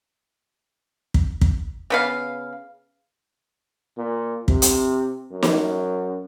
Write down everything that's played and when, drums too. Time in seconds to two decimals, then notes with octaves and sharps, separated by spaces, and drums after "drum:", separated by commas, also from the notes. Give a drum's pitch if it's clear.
1.14 drum: kick
1.41 drum: kick
1.90 C#3 B3 F5
3.98 A#2
4.48 C3, drum: kick
4.62 drum: hi-hat
5.32 F#2
5.43 drum: snare